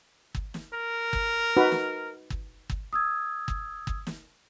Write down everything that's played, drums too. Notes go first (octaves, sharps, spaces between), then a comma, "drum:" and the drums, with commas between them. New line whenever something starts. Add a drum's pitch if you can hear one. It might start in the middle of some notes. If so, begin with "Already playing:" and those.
drum: kick
drum: snare
A#4
drum: kick
D#4 F#4 B4
drum: snare
drum: kick
drum: kick
D#6 E6 G#6
drum: kick
drum: kick
drum: snare